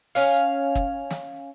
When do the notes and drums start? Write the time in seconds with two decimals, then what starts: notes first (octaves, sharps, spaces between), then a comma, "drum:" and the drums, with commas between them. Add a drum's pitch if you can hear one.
0.15 C#4 F5, drum: open hi-hat
0.75 drum: kick
1.11 drum: snare